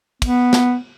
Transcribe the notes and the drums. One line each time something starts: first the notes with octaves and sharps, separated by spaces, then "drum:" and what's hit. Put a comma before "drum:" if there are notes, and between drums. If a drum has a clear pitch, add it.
B3, drum: kick, cymbal
drum: snare